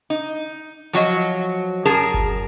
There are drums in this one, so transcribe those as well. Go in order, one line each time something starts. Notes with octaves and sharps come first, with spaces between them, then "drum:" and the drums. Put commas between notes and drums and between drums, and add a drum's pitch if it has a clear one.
D#4
F3 F#3 F#4 D#5
F#2 G#4 A#4 A5
drum: kick G1